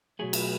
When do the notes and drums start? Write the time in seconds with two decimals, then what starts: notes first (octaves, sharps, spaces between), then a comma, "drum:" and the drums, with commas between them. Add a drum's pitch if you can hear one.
0.19 B2 F#3 A3 G#4
0.33 drum: cymbal